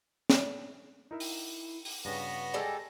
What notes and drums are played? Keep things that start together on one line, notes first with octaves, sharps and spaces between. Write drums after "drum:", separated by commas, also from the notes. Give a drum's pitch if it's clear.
drum: snare
D#4 E4 A#4 E5
drum: open hi-hat
drum: open hi-hat
G2 C#3 B3 F#4 F#5 A#6
G3 G#3 A4